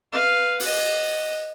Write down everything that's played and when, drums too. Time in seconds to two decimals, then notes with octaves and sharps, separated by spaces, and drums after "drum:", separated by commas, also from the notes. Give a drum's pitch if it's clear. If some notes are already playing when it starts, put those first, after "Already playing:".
0.12 B4 F5
0.60 D#5 F#5, drum: open hi-hat